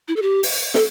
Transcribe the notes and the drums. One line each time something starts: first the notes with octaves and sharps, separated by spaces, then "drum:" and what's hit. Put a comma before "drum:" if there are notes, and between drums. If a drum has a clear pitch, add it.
E4
A4
G4
drum: open hi-hat
A4, drum: snare